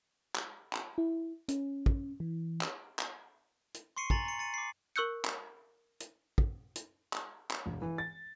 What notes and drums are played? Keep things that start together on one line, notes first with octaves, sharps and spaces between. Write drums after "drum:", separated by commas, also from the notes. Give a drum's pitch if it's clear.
drum: clap
drum: clap
E4
C#4, drum: hi-hat
drum: kick
E3
drum: clap
drum: clap
drum: hi-hat
C6 C#6 C7 C#7 D#7
G#5 A#5 A6 F#7, drum: kick
A#5 C#7
A6 C#7 D#7
D6 C7
A#4 C#6 E6 F#6 G6 C#7
drum: clap
drum: hi-hat
drum: kick
drum: hi-hat
drum: clap
drum: clap
E1
E3
A6